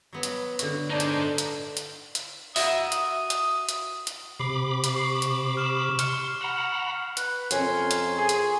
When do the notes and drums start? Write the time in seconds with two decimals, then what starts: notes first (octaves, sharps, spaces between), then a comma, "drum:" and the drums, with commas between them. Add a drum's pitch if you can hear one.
0.13 F#3 B3
0.23 drum: hi-hat
0.59 D3 F#4, drum: hi-hat
0.90 D4 D#4 C5
1.00 drum: hi-hat
1.38 drum: hi-hat
1.77 drum: hi-hat
2.15 drum: hi-hat
2.56 F#4 E5 D#6, drum: open hi-hat
2.92 drum: hi-hat
3.30 drum: hi-hat
3.69 drum: hi-hat
4.07 drum: hi-hat
4.39 C3 B5 D6 C7
4.84 drum: hi-hat
4.95 C#6 C7
5.22 drum: hi-hat
5.57 F6 E7
5.99 C6 F6 C#7, drum: hi-hat
6.41 F#5 A#5 B5
7.17 B4, drum: hi-hat
7.51 F2 C#4 A#4 C#5 C6, drum: hi-hat
7.91 drum: hi-hat
8.17 G#4
8.29 drum: hi-hat